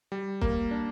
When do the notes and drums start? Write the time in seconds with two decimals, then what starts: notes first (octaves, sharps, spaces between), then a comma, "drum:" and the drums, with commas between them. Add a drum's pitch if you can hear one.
0.12 G3
0.41 A#3, drum: kick
0.71 D4